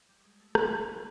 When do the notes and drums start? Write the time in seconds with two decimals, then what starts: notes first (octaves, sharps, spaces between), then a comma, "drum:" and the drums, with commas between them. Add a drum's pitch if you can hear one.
0.09 G3
0.24 G#3
0.40 A3
0.55 C#4 D#4, drum: rim click
0.70 D4 E4